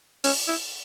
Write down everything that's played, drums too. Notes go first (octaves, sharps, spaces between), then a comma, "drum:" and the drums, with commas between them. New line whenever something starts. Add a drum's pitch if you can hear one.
C#4, drum: open hi-hat
E4